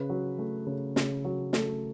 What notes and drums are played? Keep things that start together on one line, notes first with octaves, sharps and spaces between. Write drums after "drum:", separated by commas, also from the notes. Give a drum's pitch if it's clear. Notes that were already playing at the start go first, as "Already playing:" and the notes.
Already playing: C#3 B4
F#3
A3
C#3
C#3, drum: snare
F#3
A3 A4, drum: snare